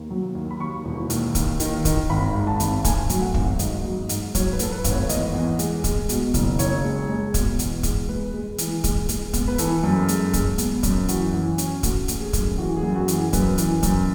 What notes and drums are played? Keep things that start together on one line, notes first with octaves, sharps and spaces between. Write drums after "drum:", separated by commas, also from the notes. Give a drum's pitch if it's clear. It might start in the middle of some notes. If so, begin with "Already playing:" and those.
Already playing: D#2
F#3
D#2
B5
D#2 C#6
E1
D#2, drum: hi-hat
D#2, drum: kick, hi-hat
D#3, drum: hi-hat
D#3, drum: kick, hi-hat
G#1 B5
G#2
A5
G#1, drum: hi-hat
A3 G#5, drum: kick, hi-hat
F#3, drum: hi-hat
F#5
G#1, drum: kick
G#2 D#5, drum: hi-hat
F#3
G#2, drum: hi-hat
F#3 C#5, drum: kick, hi-hat
B4
A3 A4, drum: hi-hat
B4
G#1, drum: kick, hi-hat
C#5
E2 D#5, drum: hi-hat
E2
G#3, drum: hi-hat
G#3, drum: kick, hi-hat
B2, drum: hi-hat
F#1, drum: kick, hi-hat
F#1 C#5, drum: hi-hat
G#3
G#3
B2, drum: kick, hi-hat
E2, drum: hi-hat
G#3, drum: kick, hi-hat
G#3 B4
G#3
E3, drum: hi-hat
G#3, drum: kick, hi-hat
G#3, drum: hi-hat
B3, drum: kick, hi-hat
B4
E3 A4, drum: hi-hat
F#2
G#3, drum: hi-hat
G#3, drum: kick, hi-hat
B3, drum: hi-hat
F#2, drum: kick, hi-hat
E3 F#4, drum: hi-hat
E3
C#4, drum: hi-hat
A3 F#4, drum: kick, hi-hat
A3, drum: hi-hat
G#4
F#2, drum: kick, hi-hat
E3 F#4
G#4
F#2
F#4
E3, drum: hi-hat
G#4
F#2 B4, drum: kick, hi-hat
E3, drum: hi-hat
F#2, drum: kick, hi-hat